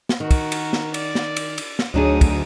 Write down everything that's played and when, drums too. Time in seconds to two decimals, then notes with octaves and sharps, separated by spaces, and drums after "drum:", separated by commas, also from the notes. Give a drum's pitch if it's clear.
0.09 drum: snare
0.20 D#3 F#4 A#4
0.31 drum: kick, cymbal
0.52 drum: cymbal
0.73 drum: snare
0.94 D5, drum: cymbal
1.15 drum: snare
1.37 drum: cymbal
1.58 drum: cymbal
1.79 drum: snare
1.94 D2 F#3 D4 D#4 G#4 D#6
2.21 drum: kick, cymbal